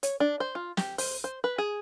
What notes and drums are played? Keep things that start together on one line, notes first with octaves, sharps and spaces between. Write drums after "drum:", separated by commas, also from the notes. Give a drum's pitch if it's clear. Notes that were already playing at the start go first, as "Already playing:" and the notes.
C#5, drum: hi-hat
D4
C5
F4
G4, drum: snare
C5, drum: open hi-hat
C5
B4
G#4